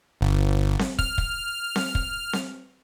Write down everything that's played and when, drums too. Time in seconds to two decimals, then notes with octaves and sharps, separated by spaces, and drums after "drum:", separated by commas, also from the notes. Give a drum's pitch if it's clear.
0.21 G1
0.79 drum: snare C4
0.99 F6, drum: kick
1.18 drum: kick
1.76 drum: snare C4
1.95 drum: kick
2.33 drum: snare C4